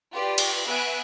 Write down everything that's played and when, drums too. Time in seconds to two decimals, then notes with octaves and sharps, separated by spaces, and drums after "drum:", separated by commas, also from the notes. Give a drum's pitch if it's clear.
0.12 F4 G4 B4 D5
0.38 drum: cymbal
0.66 B3 E5 G#5 B5 F#6 D7